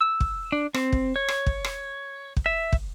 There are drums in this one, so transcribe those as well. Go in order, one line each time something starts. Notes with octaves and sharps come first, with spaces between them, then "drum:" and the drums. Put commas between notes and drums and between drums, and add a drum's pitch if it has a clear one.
E6
drum: kick
D4
C4, drum: rim click
drum: kick
C#5
drum: rim click
drum: kick
drum: rim click
drum: kick
E5
drum: kick